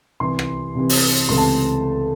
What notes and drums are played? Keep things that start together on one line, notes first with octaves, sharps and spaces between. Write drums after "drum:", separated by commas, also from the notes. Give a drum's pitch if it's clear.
C2 C3 E3 C6
drum: rim click
C2 C3 E3
drum: open hi-hat
C#2 C3 E3 A3 C4 C6
A5